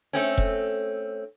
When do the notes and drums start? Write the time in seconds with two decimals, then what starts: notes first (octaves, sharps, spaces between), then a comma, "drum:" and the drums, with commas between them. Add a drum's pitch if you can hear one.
0.13 A3 C4 C#4
0.38 drum: kick F1